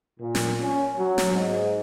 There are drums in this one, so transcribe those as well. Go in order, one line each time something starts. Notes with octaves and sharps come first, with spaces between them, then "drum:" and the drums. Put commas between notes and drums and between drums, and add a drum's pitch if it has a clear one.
A#2
drum: snare
C#4
F#3
drum: snare
G#2